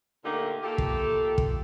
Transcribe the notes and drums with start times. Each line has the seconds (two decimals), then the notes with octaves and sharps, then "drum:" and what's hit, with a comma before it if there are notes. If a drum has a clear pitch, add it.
0.24 A#2 D3 A3 A#3 D#4 G4
0.63 A3 A#3 F4 G4 A4
0.78 drum: kick
1.38 drum: kick